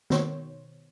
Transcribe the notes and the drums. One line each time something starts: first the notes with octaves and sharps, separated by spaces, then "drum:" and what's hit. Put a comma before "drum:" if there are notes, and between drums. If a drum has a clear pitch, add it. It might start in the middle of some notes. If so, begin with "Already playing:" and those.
B2 D#3 C5 C#5, drum: snare